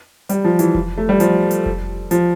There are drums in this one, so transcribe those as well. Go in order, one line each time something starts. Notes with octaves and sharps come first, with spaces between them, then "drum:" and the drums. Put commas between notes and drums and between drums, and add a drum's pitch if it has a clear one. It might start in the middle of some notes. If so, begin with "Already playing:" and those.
G3, drum: hi-hat
F3
E3, drum: hi-hat
drum: kick F1
A3
G3
F3, drum: hi-hat
drum: hi-hat
drum: kick F1
F3, drum: hi-hat